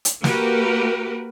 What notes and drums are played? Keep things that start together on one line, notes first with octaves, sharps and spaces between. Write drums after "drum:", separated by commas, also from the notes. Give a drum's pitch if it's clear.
drum: hi-hat
A#3 F#4 G4 A#4 B4, drum: snare